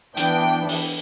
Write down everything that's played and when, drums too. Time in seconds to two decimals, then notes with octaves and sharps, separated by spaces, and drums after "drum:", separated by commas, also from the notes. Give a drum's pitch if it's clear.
0.17 E3 B3 D4 G5, drum: hi-hat
0.69 drum: open hi-hat